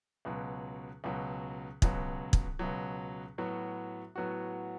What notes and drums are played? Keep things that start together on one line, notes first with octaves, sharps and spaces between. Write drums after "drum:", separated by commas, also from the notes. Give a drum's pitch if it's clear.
C#2 B2 F#3
C#2 B2 F#3
C#2 B2 F#3, drum: kick
drum: kick
C#2 B2 F#3
A2 F#3 B3 F#4
A2 F#3 B3 F#4